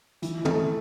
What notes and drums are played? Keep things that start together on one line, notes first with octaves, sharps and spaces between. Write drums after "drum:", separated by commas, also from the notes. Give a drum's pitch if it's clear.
E3, drum: hi-hat
A3, drum: tom